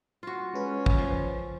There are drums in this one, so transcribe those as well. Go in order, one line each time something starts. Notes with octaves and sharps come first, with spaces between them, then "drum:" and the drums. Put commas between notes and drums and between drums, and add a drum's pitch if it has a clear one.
F4 F#4
G#3 C#4 B4
drum: kick
F3